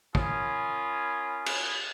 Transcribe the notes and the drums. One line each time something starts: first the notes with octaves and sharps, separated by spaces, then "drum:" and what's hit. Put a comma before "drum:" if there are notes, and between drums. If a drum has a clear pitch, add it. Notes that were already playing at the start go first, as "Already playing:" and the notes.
C#4 F4 A#4 G#5 B5 D#6, drum: kick
drum: cymbal